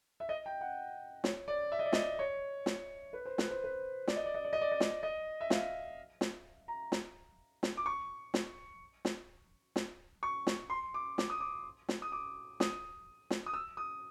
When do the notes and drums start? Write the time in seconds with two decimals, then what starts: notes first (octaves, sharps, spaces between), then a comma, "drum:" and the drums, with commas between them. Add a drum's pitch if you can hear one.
0.20 E5
0.29 D#5
0.46 G5
0.61 F#5
1.24 C#5, drum: snare
1.48 D5
1.72 E5
1.79 D#5
1.86 D5
1.93 D#5, drum: snare
2.19 C#5
2.66 drum: snare
3.13 B4
3.25 C5
3.38 B4, drum: snare
3.50 C5
3.64 B4
4.08 D5, drum: snare
4.16 D#5
4.26 D5
4.34 D#5
4.45 D5
4.53 D#5
4.61 D5
4.72 D#5
4.80 D5, drum: snare
5.03 D#5
5.41 E5
5.50 F5, drum: snare
6.21 drum: snare
6.68 A#5
6.92 drum: snare
7.63 drum: snare
7.77 D6
7.86 C#6
8.34 drum: snare
9.05 drum: snare
9.76 drum: snare
10.23 C#6
10.47 drum: snare
10.70 C6
10.94 D6
11.18 D6, drum: snare
11.30 D#6
11.40 D6
11.89 drum: snare
12.02 D#6
12.12 D6
12.60 D#6, drum: snare
13.30 drum: snare
13.46 D#6
13.54 E6
13.77 D#6